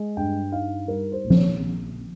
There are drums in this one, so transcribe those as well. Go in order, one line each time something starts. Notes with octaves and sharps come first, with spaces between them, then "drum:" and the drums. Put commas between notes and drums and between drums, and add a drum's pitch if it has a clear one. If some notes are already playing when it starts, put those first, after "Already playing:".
Already playing: G#3
G2 G5
D#4 F5
G3 A#4
C5
A#1
C5, drum: tom F3
C#5